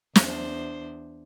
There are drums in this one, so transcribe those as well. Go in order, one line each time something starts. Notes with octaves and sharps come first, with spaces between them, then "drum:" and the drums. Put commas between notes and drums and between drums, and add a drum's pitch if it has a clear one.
E2 D4 C5, drum: snare